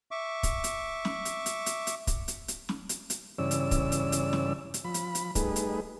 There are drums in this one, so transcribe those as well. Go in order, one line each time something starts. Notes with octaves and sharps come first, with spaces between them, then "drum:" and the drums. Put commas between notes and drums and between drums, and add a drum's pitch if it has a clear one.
E5 C#6 D6
drum: kick, hi-hat
drum: hi-hat
drum: snare
drum: hi-hat
drum: hi-hat
drum: hi-hat
drum: hi-hat
drum: kick, hi-hat
drum: hi-hat
drum: hi-hat
drum: snare
drum: hi-hat
drum: hi-hat
G2 C#3 E3 C#4 D5 E6
drum: hi-hat
drum: kick, hi-hat
drum: hi-hat
drum: hi-hat
drum: snare
drum: hi-hat
F3 B5
drum: hi-hat
drum: hi-hat
G3 A3 D#4 G#4 B4, drum: kick, hi-hat
drum: hi-hat